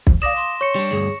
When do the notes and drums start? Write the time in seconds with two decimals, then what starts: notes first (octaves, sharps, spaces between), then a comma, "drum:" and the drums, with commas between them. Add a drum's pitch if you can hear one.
0.07 drum: kick
0.22 D5 F5 D6 D#6 A#6 E7
0.36 C6
0.61 C#5 C#6 C#7
0.75 G3 D4
0.91 D2 G2 G#4